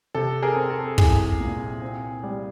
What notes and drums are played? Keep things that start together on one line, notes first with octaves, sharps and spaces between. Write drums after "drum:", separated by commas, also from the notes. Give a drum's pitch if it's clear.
C3 A4
G#4 A#4
C4
A4
C2 G#4, drum: kick
A#2
C4
G3